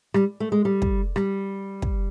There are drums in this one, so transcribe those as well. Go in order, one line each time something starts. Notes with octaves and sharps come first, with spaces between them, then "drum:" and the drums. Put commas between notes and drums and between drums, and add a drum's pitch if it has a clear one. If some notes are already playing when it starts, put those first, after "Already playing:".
G3, drum: rim click
A3
G#3
G3
drum: kick
G3, drum: rim click
drum: kick